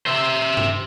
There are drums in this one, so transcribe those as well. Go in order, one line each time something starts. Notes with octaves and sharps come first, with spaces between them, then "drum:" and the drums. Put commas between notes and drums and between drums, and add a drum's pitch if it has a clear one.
C5 E5
drum: tom G2